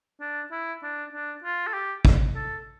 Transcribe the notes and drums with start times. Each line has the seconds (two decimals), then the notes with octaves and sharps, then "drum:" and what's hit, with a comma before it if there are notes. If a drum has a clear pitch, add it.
0.20 D4
0.51 E4
0.83 D4
1.13 D4
1.44 F4
1.67 A4
1.73 G4
2.05 drum: kick
2.36 A4